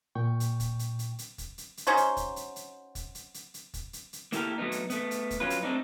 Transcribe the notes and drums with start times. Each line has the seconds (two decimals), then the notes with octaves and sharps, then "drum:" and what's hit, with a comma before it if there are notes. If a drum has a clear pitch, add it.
0.15 A#2 G5 C#6
0.40 drum: hi-hat
0.60 drum: kick, hi-hat
0.79 drum: hi-hat
0.99 drum: hi-hat
1.19 drum: hi-hat
1.38 drum: kick, hi-hat
1.58 drum: hi-hat
1.77 drum: hi-hat
1.87 C#4 D#4 F#4 C5
1.97 drum: hi-hat
2.17 drum: kick, hi-hat
2.36 drum: hi-hat
2.56 drum: hi-hat
2.95 drum: kick, hi-hat
3.15 drum: hi-hat
3.34 drum: hi-hat
3.54 drum: hi-hat
3.74 drum: kick, hi-hat
3.93 drum: hi-hat
4.13 drum: hi-hat
4.32 A#3 E4 G4 A4 A#4, drum: hi-hat
4.58 F#3 A3 B3 D#4
4.72 drum: hi-hat
4.90 A3 B3, drum: hi-hat
5.11 drum: hi-hat
5.31 drum: kick, hi-hat
5.40 F#3 C#4 F4 B4
5.50 drum: hi-hat
5.63 A3 C4 D4 D#4